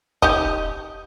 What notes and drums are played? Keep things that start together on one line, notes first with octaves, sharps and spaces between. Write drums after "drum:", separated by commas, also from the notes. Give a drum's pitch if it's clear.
D#4 G4 D#5, drum: kick